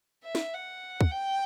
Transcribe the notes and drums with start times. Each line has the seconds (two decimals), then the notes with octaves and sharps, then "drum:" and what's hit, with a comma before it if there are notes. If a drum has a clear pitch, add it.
0.24 E5
0.35 drum: snare
0.54 F#5
1.01 drum: kick
1.11 G5